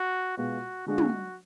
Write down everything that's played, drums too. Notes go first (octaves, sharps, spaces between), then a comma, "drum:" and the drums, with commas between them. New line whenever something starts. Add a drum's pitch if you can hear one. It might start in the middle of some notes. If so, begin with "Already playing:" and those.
Already playing: F#4
B2 G#3 B3 F4 F#4
D3 G#3 D4 F4 F#4
drum: tom